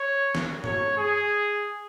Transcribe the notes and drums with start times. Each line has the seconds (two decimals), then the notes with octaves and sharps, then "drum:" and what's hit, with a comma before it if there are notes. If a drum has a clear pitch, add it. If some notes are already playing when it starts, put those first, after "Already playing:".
Already playing: C#5
0.35 drum: snare
0.64 C#5, drum: tom G2
0.98 G#4